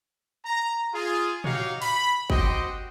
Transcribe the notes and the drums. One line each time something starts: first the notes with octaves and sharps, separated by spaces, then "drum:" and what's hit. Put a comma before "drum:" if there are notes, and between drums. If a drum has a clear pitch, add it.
A#5
F4 G#4
D#4 F#4 G4 C#5 F5, drum: tom
B5, drum: open hi-hat
C4 F#4 G4 C5 D#5 G5, drum: kick